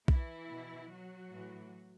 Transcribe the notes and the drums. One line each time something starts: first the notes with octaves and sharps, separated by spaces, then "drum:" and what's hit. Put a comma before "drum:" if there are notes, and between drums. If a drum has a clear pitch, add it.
E3 E4, drum: kick B1
B2
F#3 F#4
A2 E3